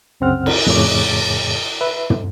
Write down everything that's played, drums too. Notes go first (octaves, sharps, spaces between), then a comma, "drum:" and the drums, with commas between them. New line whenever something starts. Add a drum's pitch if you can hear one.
C2 F#2 C#3 C4 F#5 F6
drum: cymbal
F2 A2 C#3 G#4 C#5 D6
B4 E5
drum: tom